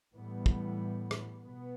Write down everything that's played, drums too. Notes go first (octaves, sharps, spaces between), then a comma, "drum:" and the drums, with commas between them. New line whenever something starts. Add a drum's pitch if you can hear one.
A2 E3 G3 B3
drum: kick
drum: rim click
B2 B3